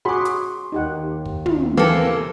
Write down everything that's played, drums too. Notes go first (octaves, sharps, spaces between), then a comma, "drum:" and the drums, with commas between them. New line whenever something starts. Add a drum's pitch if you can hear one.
F#4 G#4 B5 C6 D6
drum: hi-hat
D#2 D#3 D#4 G4 F#5
drum: kick
drum: tom
E3 A#3 C4 G4 A4